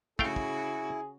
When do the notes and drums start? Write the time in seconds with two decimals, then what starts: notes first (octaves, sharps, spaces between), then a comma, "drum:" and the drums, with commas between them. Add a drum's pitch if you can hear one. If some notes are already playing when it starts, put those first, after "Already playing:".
0.19 C#3 A3 E4 F#4 G#4 F5 G5, drum: kick
0.36 drum: kick